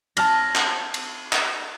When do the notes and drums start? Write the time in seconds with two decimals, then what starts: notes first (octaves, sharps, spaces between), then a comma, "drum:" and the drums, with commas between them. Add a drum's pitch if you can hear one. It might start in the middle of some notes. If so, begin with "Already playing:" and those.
0.17 A5 F6 A#6, drum: cymbal
0.55 drum: clap
0.94 drum: cymbal
1.33 drum: clap